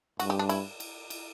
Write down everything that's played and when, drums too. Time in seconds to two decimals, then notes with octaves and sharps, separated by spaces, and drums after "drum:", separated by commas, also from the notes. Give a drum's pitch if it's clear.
0.20 G2 F#4, drum: cymbal
0.30 G4
0.39 D4
0.49 E4, drum: cymbal
0.80 drum: cymbal
1.10 drum: cymbal